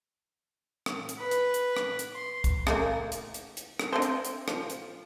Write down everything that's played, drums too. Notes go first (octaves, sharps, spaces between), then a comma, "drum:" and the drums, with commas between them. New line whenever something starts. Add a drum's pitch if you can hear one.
drum: rim click
drum: hi-hat
B4
drum: hi-hat
drum: hi-hat
drum: rim click
drum: hi-hat
C6
drum: kick, hi-hat
C#3 A3 A#3, drum: rim click
drum: hi-hat
drum: hi-hat
drum: hi-hat
drum: rim click
C4 D4 C5
drum: hi-hat
drum: hi-hat
F3, drum: rim click
drum: hi-hat